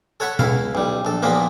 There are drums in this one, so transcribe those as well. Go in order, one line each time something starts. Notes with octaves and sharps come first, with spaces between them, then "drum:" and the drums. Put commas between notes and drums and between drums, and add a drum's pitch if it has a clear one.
A4 C#5 F#5 B5 C#6
C#2 E4 F5, drum: tom B2
B1 G3
A#1 A4
D#2 A#2 F3 A#3 B3